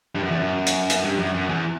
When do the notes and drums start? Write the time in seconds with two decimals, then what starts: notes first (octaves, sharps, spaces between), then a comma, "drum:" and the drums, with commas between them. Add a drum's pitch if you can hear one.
0.15 G2
0.23 F#2
0.31 E2
0.39 F#2
0.67 drum: hi-hat
0.90 drum: hi-hat
1.05 G2
1.19 F#2
1.34 F#2
1.49 E2